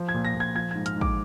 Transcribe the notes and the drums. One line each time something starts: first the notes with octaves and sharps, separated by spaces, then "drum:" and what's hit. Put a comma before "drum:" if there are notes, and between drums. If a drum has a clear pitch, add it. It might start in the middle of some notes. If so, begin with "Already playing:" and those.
Already playing: F3
G#6
A#2
A#6
A#2
G#6
F3 G#6
G#6
G#2
F6, drum: hi-hat
G#2
D6, drum: kick